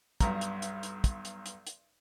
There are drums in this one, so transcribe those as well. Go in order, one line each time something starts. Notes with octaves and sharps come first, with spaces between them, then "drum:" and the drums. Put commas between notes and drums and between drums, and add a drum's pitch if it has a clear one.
B1 G2 A#5, drum: kick, hi-hat
drum: hi-hat
drum: hi-hat
drum: hi-hat
drum: kick, hi-hat
drum: hi-hat
drum: hi-hat
drum: hi-hat